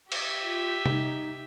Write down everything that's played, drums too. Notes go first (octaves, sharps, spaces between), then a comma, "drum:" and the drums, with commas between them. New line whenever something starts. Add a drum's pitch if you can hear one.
G4 E5, drum: cymbal
F4
D#4, drum: tom C3